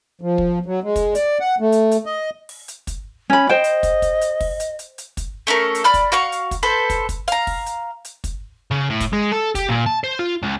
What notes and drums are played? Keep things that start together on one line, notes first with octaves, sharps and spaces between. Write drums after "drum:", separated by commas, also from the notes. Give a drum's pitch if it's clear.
F3
drum: kick
F#3
G#3
drum: kick, hi-hat
D5, drum: hi-hat
F#5
A3
drum: hi-hat
drum: hi-hat
D#5
drum: open hi-hat
drum: hi-hat
drum: kick, hi-hat
C#4 B5
C5 D#5 G5
drum: hi-hat
drum: kick, hi-hat
drum: kick, hi-hat
drum: hi-hat
drum: kick, open hi-hat
drum: hi-hat
drum: hi-hat
drum: hi-hat
drum: kick, hi-hat
A3 C#4 A4 A#4
drum: hi-hat
D5 B5 F6
drum: kick, hi-hat
F#4 F5 C#6
drum: hi-hat
drum: kick, hi-hat
A4 B4 C5 A5
drum: kick, hi-hat
drum: kick, hi-hat
F5 A#5, drum: hi-hat
drum: kick, open hi-hat
drum: hi-hat
drum: hi-hat
drum: kick, hi-hat
C#3
A2
drum: kick, hi-hat
G#3
A4
G4, drum: kick, hi-hat
A#2
A5
C5
F4
C#2